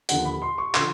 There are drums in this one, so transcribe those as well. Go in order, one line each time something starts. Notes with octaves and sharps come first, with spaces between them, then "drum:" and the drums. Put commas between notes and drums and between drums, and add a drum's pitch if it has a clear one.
D#2 D3 F3 F#5, drum: hi-hat
B5
C6
C#6
D3 F3 C6, drum: clap